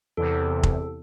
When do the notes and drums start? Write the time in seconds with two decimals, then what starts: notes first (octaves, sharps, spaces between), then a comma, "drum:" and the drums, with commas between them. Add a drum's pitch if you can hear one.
0.17 E2 C3 A4
0.63 drum: kick F1